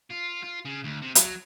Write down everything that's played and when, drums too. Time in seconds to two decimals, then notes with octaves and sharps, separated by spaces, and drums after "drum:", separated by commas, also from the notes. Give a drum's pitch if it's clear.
0.10 F4
0.43 F4
0.65 C#3
0.84 D2
1.02 C3
1.15 F#3, drum: hi-hat